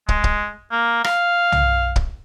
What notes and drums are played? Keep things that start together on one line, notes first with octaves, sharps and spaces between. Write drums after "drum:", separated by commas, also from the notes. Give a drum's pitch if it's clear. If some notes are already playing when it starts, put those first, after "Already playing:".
G#3, drum: kick
drum: kick
A#3
F5, drum: rim click
drum: tom
drum: kick